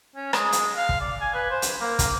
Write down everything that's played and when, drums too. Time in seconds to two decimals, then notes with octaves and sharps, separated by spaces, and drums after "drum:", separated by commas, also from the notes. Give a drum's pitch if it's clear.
0.15 C#4
0.33 G#3, drum: rim click
0.52 drum: hi-hat
0.77 F5
0.89 drum: kick
1.01 D5
1.20 G#5
1.34 B4
1.50 C5
1.62 drum: hi-hat
1.80 A#3
1.99 drum: kick, hi-hat